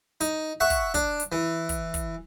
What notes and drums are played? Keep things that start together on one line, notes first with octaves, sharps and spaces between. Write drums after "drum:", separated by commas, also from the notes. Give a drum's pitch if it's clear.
D#4, drum: hi-hat
E5 F#5 C#6
drum: kick, hi-hat
D4, drum: kick, hi-hat
drum: hi-hat
E3
drum: kick, hi-hat
drum: kick, hi-hat